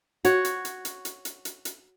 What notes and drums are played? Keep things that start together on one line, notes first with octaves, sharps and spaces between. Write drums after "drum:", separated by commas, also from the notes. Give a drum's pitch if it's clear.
F#4 C#5, drum: hi-hat
drum: hi-hat
drum: hi-hat
drum: hi-hat
drum: hi-hat
drum: hi-hat
drum: hi-hat
drum: hi-hat